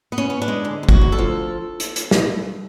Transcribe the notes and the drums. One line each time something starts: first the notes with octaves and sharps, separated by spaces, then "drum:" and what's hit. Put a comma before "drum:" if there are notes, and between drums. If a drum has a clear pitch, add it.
B3
C#4
B3
D4
G#3
D3
D2
F#4, drum: kick
D2
A4
F3
drum: hi-hat
drum: hi-hat
drum: snare